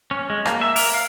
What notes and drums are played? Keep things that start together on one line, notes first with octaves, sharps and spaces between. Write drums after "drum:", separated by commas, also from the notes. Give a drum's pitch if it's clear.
C#4
G#3
A#3, drum: rim click
E5
A#4, drum: open hi-hat
F5